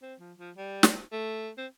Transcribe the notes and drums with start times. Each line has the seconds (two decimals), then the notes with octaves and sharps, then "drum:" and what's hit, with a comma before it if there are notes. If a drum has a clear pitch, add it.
0.02 C4
0.20 F3
0.39 F3
0.56 G3
0.83 drum: snare
1.12 A3
1.58 C4